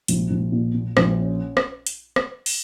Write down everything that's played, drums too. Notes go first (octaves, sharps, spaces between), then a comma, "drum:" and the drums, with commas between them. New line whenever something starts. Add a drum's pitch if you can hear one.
A#1, drum: hi-hat
A#1
A#2
A#2
A#1, drum: rim click
C#4
drum: rim click
drum: hi-hat
drum: rim click
drum: open hi-hat